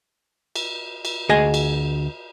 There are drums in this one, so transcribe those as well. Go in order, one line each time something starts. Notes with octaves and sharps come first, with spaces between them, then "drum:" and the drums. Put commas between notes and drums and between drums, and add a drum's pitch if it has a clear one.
drum: cymbal
drum: cymbal
D2 G#4 D#5 G#5
drum: cymbal